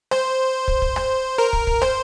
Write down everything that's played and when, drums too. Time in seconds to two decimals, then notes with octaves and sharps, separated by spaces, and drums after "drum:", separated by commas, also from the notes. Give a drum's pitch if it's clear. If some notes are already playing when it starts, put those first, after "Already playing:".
0.11 C5, drum: rim click
0.68 drum: kick
0.82 drum: kick
0.96 drum: rim click
1.38 A#4
1.53 drum: kick
1.67 drum: kick
1.82 C5, drum: rim click